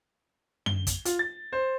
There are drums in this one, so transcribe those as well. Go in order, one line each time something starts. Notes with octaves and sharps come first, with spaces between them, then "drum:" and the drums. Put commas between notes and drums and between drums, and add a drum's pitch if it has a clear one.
G7, drum: tom F#2
drum: kick, hi-hat
F4, drum: hi-hat
A6
C5